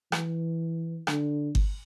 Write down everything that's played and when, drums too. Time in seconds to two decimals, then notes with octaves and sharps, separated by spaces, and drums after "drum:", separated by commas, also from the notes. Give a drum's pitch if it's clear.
0.12 E3, drum: rim click
1.07 D3, drum: rim click
1.55 drum: kick G1